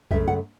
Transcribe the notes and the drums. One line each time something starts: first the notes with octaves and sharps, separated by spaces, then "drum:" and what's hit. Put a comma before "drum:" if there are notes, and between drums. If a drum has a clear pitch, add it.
F#2 C#3 A3 E5, drum: kick
F#5